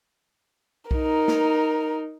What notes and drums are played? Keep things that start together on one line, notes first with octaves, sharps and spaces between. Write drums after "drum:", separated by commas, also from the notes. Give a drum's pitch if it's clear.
D#4 A#4, drum: kick B1
drum: snare